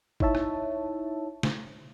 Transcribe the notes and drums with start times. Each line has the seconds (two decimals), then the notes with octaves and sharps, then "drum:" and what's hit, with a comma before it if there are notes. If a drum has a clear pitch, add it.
0.20 D#4 E4 C#5 E5 A5, drum: kick
0.35 drum: rim click
1.43 drum: snare